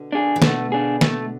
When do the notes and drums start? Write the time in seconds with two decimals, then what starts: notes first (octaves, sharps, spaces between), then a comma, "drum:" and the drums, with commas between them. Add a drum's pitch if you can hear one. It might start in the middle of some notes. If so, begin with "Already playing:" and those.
Already playing: B2 D3
0.12 D4 G#4
0.36 E3
0.42 B2 D3 A3, drum: snare
0.72 D4 G#4
1.01 A3, drum: snare